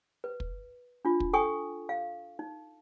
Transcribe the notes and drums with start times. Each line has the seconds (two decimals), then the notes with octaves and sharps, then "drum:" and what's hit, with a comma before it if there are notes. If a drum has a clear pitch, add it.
0.24 B4
0.40 drum: kick
1.05 D4 F4
1.20 drum: kick
1.33 A4 G5 G#5 C#6 D#6
1.89 F5
2.39 D#4